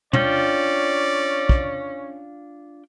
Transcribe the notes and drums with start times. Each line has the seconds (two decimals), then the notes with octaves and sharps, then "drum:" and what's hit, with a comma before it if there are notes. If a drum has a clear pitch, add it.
0.13 C#4 D4 F4 D5 G5, drum: tom
1.49 drum: kick